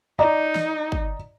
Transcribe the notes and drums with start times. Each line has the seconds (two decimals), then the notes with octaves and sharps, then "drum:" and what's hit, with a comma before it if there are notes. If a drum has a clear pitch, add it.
0.19 D#4 D5 D#5 A#5
0.55 drum: snare
0.92 drum: kick